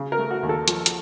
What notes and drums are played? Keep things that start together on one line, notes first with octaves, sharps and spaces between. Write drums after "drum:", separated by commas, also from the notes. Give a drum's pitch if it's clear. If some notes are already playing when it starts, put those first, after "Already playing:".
Already playing: C#3
A#4
A3
F#4
D#2
A4
F3, drum: hi-hat
drum: hi-hat